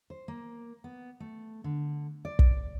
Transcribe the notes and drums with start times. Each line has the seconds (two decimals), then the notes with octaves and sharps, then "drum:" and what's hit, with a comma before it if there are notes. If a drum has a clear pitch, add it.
0.10 C5
0.28 A#3
0.84 B3
1.20 A3
1.64 D3
2.25 D5
2.39 drum: kick